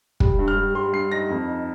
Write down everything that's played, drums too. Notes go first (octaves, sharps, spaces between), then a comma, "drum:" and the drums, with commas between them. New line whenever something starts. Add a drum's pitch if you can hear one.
G3, drum: kick
G2
F6
G3
G3 C6
G2 C7
D#4 A#6
F2
D#4